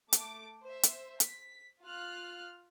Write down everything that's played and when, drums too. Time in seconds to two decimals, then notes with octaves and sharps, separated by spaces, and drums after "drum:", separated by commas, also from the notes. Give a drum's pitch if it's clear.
0.13 A3 D6, drum: hi-hat
0.63 C5 E5
0.83 drum: hi-hat
1.20 B6, drum: hi-hat
1.83 F4 F6 F#6